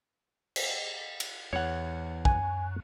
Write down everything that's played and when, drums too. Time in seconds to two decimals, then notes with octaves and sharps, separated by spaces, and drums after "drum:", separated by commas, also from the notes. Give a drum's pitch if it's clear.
0.56 drum: cymbal
1.20 drum: cymbal
1.53 E2 C#5 F#5
2.25 F#2 G#5, drum: kick